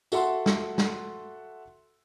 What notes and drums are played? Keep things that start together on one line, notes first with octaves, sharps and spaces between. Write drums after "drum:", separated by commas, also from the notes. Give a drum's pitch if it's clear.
F#4 A4 E5 F#5 C6, drum: tambourine
drum: snare
drum: snare